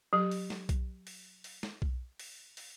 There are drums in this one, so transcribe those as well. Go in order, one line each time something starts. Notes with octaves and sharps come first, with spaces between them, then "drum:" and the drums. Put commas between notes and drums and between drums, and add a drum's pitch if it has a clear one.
F#3 G4
drum: open hi-hat
drum: snare
drum: kick B1, hi-hat
drum: open hi-hat
drum: open hi-hat
drum: snare
drum: kick B1
drum: open hi-hat
drum: open hi-hat